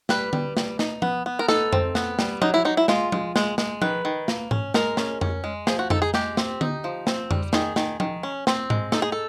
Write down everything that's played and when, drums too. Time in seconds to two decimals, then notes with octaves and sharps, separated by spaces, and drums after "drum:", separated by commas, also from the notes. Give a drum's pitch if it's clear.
0.09 G3 B4, drum: snare
0.33 G3, drum: tom D3
0.57 G3, drum: snare
0.79 D#4, drum: snare
1.02 B3, drum: tom F3
1.26 B3
1.39 A#4
1.48 D#4 A4, drum: snare
1.73 C4, drum: tom F2
1.95 B3, drum: snare
2.19 G3, drum: snare
2.42 F#3 D#4, drum: tom F3
2.54 E4
2.65 F#3 D#4
2.77 E4
2.88 G#3 F4, drum: snare
3.12 G#3, drum: tom F3
3.36 G#3, drum: snare
3.58 G#3, drum: snare
3.82 D#3 B4, drum: tom F3
4.05 D#3
4.28 A#3, drum: snare
4.51 C#4, drum: tom G#2
4.74 G#3 A#4, drum: snare
4.97 C#4, drum: snare
5.21 C#4, drum: tom F2
5.44 G#3
5.67 F3 G#4, drum: snare
5.79 F#4
5.90 D#4 A4, drum: tom F2
6.02 G#4
6.14 G#3 G4, drum: snare
6.37 C4, drum: snare
6.61 D#4, drum: tom D3
6.84 F3
7.07 C4, drum: snare
7.31 G3, drum: tom F2
7.53 D#3 G#4, drum: snare
7.76 D#3, drum: snare
8.00 D#3, drum: tom F3
8.23 C#4
8.47 C4, drum: snare
8.70 G#3, drum: tom G#2
8.92 D#4 A4, drum: snare
9.02 G#4
9.12 A4